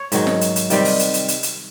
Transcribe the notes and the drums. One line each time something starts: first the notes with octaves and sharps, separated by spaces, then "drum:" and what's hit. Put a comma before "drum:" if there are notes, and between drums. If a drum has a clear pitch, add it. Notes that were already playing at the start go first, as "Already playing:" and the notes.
Already playing: C#5
G#2 D#3 F#3, drum: hi-hat
drum: snare
drum: hi-hat
drum: hi-hat
C3 D#3 G3 C4, drum: hi-hat
drum: open hi-hat
drum: hi-hat
drum: hi-hat
drum: hi-hat
drum: hi-hat